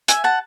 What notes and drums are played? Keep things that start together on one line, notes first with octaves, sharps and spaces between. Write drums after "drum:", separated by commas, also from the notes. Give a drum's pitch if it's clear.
E5 G#5, drum: hi-hat
F#5 A5